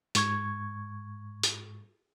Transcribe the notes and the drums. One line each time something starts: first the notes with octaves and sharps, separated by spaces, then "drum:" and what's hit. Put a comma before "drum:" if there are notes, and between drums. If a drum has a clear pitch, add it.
G#2 C#6 G#6, drum: hi-hat
drum: hi-hat